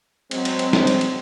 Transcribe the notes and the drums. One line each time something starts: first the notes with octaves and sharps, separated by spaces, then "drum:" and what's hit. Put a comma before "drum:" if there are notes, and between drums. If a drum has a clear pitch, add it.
F#3 G#3 C4, drum: cymbal
drum: cymbal
drum: cymbal
drum: snare
drum: cymbal
drum: cymbal